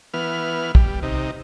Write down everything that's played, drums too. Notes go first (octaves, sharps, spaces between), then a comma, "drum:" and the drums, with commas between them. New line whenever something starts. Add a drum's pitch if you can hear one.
E3 B3 F6
G3, drum: kick
C3 D#4